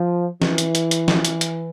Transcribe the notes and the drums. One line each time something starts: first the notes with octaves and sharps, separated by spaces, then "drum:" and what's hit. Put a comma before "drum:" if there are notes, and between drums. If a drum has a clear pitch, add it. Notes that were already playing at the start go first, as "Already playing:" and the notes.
Already playing: F3
E3, drum: snare
drum: hi-hat
drum: hi-hat
drum: hi-hat
drum: snare
drum: hi-hat
drum: hi-hat